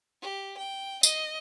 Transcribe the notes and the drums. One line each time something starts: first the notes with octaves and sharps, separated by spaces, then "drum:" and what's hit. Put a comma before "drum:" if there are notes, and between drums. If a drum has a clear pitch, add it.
G4
G5
D#5, drum: tambourine